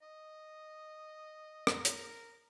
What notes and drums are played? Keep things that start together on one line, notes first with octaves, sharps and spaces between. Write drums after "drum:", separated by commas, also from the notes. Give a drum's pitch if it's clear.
D#5
A#4, drum: rim click
drum: hi-hat